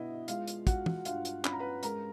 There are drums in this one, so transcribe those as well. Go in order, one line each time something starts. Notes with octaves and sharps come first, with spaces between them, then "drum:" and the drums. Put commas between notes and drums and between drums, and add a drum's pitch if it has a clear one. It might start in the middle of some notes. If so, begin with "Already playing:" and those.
Already playing: B2 B3 D4 E4 D#5 E5
G#3 F4 F5, drum: hi-hat
drum: hi-hat
G#3 F#4 F#5, drum: kick, hi-hat
drum: tom
G2 F4 F5, drum: hi-hat
drum: hi-hat
C#4 B5, drum: clap
A#5
B4 B5
G#3 A#4 A#5, drum: hi-hat